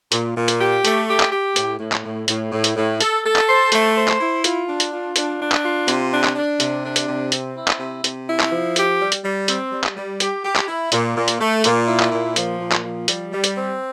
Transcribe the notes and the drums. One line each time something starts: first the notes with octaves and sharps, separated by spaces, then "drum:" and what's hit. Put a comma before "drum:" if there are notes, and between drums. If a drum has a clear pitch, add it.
A#2, drum: hi-hat
A#2
drum: hi-hat
G4
A3, drum: hi-hat
G4
drum: clap
G4
A2, drum: hi-hat
A2
drum: clap
A2
A2, drum: hi-hat
A2
drum: hi-hat
A2
A4, drum: hi-hat
A4
drum: clap
C5
A3, drum: hi-hat
C5
drum: clap
E4
F4, drum: hi-hat
D4
drum: hi-hat
F4
D4, drum: hi-hat
D4
drum: clap
F4
C3, drum: hi-hat
D4
drum: clap
D4
C3, drum: hi-hat
D4
drum: hi-hat
C3
C4, drum: hi-hat
E4
drum: clap
C3
C3, drum: hi-hat
E4
drum: clap
F3
G4, drum: hi-hat
G3
drum: hi-hat
G3
C4, drum: hi-hat
G3
drum: clap
G3
G4, drum: hi-hat
G4
drum: clap
E4
A#2, drum: hi-hat
A#2
drum: hi-hat
A3
A#2, drum: hi-hat
E4
drum: clap
A#2
F3, drum: hi-hat
A#2
drum: clap
F3
G3, drum: hi-hat
G3
drum: hi-hat
C4